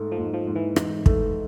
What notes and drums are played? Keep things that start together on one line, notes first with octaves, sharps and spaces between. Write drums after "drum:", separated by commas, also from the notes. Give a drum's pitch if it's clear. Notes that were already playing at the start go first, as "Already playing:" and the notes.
Already playing: G#2 A3
F3
G#2
F3
G#2
E3
G#2, drum: rim click
A3, drum: kick